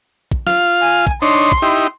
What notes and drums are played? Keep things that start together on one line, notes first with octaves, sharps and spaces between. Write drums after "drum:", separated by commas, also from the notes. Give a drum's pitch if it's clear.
drum: kick
F4 F5, drum: snare
G#5
drum: kick
D4 D#4 C#5 C6
drum: kick
D#4 E4 G4